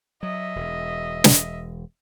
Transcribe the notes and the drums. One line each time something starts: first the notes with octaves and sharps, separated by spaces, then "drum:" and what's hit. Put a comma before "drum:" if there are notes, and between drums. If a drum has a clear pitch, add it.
F#3 D#5 E5
E1
drum: snare